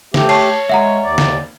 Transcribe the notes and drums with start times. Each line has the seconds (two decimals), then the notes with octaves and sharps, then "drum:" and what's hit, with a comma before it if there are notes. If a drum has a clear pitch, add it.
0.14 A3 G4, drum: snare
0.29 C#5 A5 C7, drum: cymbal
0.69 G#3 E5 F#5 A#5
1.04 D#2 D5
1.18 drum: snare